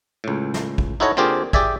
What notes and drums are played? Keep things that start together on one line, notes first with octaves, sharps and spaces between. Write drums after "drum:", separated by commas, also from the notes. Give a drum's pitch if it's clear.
C#2 A2
drum: snare
drum: kick A1
D#4 E4 F#4 A4 C#5 D#5
D3 A#3 C4 F4 G4 G#4
G4 G#4 D5 E5 G#5, drum: kick A1